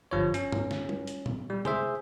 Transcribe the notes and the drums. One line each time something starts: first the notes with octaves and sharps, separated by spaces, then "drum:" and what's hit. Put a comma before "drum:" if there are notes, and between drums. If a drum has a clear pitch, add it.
G1 F3 C#5
C#4, drum: hi-hat
drum: tom G2
drum: snare
drum: tom G3
drum: hi-hat
drum: tom A#2
G3
G#4 C5 E5, drum: tom C3